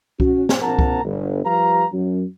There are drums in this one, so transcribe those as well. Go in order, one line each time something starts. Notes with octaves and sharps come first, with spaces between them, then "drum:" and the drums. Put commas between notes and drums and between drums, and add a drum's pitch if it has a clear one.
C#4 F#4, drum: kick C2
drum: snare
A#1 A#3 C4 F#5 A5 A#5
drum: kick C2
G1
F3 G3 G4 B4 F5 A#5
F#2